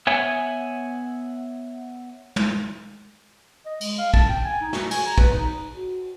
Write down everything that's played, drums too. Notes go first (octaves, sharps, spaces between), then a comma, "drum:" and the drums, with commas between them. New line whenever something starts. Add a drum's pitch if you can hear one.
B3 C#5 E5 F#5 G#5
drum: tom
D#5
G#3, drum: cymbal
F5
A5, drum: kick
G5
G#5
D#4
F#4, drum: snare
G#5, drum: cymbal
A#5
B4, drum: kick
D#4
F#4